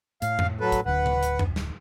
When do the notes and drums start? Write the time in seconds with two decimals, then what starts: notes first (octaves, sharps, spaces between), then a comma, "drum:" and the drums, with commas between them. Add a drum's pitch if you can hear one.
0.22 A2 F5, drum: hi-hat
0.39 drum: tom F2
0.61 F#3 A4 B4
0.72 drum: kick, hi-hat
0.86 D1 D2 B4 F#5
1.06 drum: tom C#3
1.23 drum: hi-hat
1.39 drum: tom F2
1.56 drum: snare